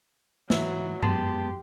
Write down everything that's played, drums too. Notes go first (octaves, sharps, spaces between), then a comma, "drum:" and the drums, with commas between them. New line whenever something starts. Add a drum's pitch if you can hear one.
G#2 E3 F#3 E5, drum: snare
F#2 G#3 B3 G4 A5 C6, drum: tom G2